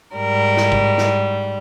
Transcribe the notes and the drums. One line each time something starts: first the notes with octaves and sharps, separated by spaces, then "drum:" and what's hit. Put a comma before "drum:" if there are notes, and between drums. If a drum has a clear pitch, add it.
G#2 G3 A#4
drum: snare
drum: kick
drum: snare